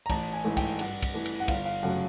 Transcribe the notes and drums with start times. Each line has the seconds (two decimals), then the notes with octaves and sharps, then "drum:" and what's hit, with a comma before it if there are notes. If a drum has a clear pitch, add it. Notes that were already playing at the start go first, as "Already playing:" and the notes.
0.06 A#5
0.10 A1 A5, drum: kick, cymbal
0.33 G#5
0.45 G#2 E3 A3
0.57 G5, drum: kick, cymbal
0.79 G2 F#5, drum: cymbal
1.03 drum: kick, cymbal
1.14 E3 A3
1.26 drum: cymbal
1.40 F#5
1.48 G1 F5, drum: kick, cymbal
1.65 F5
1.83 F#2 C#3 F#3 A3 F#5